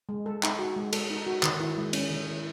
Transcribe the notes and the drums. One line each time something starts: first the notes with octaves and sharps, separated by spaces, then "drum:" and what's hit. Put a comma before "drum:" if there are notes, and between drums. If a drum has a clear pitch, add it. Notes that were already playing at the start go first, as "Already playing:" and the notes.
G#3
A4
D#4, drum: clap
F#4
G#3
A4, drum: cymbal
D#4
F#4
D#3, drum: clap
E4
G#3
C#4, drum: cymbal
D#3
E4